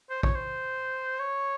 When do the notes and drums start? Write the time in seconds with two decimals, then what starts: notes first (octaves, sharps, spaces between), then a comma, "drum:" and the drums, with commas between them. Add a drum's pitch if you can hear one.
0.10 C5
0.23 C#5, drum: kick A#1
0.35 C5
1.19 C#5